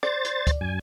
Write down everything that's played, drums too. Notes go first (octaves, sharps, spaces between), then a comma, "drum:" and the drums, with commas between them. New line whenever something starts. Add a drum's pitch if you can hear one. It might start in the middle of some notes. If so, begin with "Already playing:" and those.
C5 D5 A6, drum: rim click
drum: hi-hat
drum: kick D2, hi-hat
F#2 G#5